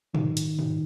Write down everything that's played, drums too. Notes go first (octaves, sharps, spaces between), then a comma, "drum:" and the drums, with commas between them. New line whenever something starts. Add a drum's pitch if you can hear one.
D#3, drum: tom
drum: hi-hat
drum: tom